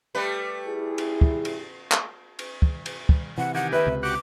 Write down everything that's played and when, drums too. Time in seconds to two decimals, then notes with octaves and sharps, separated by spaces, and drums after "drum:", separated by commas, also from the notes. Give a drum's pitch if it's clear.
0.15 G3 A3 B4
0.67 E4 G#4
0.98 drum: cymbal
1.21 drum: kick
1.45 drum: cymbal
1.92 drum: clap
2.39 drum: cymbal
2.62 drum: kick
2.86 drum: cymbal
3.09 drum: kick
3.38 C3 E3 F#5
3.54 D#3 G4 F#5 G#5
3.73 B4 E5
3.87 C#2 C3
4.03 F#4 G4 F#5 D6